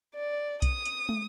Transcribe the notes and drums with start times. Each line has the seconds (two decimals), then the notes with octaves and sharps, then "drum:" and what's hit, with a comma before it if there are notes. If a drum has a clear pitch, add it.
0.15 D5
0.62 D#6, drum: kick B1, hi-hat
0.85 drum: hi-hat
1.09 drum: tom